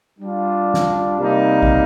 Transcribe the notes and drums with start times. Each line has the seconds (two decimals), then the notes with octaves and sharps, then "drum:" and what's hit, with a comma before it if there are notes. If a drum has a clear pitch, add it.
0.19 G3 D4 F4
0.74 drum: snare
1.17 C3 G3 A#3 D#4
1.63 drum: kick A1